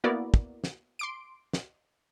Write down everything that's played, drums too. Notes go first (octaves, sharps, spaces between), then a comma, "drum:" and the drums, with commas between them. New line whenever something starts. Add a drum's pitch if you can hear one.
A#3 B3 E4 F#4 A#4 D5
drum: kick
drum: snare
C6 D6 D7
drum: snare